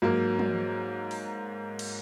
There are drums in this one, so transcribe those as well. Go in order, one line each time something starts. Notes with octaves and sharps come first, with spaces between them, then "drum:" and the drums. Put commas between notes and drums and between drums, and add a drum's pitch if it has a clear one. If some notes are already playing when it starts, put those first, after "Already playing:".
G#2 F#3 A#3
drum: tom
drum: open hi-hat
drum: cymbal